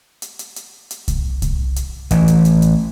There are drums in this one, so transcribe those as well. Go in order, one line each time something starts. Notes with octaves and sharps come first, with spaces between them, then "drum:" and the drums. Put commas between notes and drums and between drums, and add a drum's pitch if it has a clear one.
drum: hi-hat
drum: hi-hat
drum: hi-hat
drum: hi-hat
drum: kick C2, hi-hat
drum: kick C2, hi-hat
drum: hi-hat
A1 E3, drum: hi-hat
drum: hi-hat
drum: hi-hat
drum: hi-hat